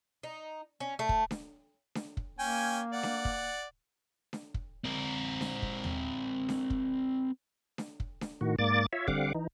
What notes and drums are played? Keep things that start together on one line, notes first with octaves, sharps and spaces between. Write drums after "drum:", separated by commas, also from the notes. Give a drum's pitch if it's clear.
D#4
C#4
A3
drum: kick
drum: snare D4
drum: snare D4
drum: kick
A#3 C#4 G5 G#5
D5 F#5
drum: snare D4
drum: kick
drum: snare D4
drum: kick
C4 A#4
drum: snare D4
drum: kick
drum: tom D#2
drum: snare D4
drum: kick
drum: snare D4
drum: kick
drum: snare D4
A2 D#3 F#4
G#2 A#3 D5 D6 A6
F4 C#5 E5
D3 G3 C4 F5 F#5 D6, drum: kick
E3 D#4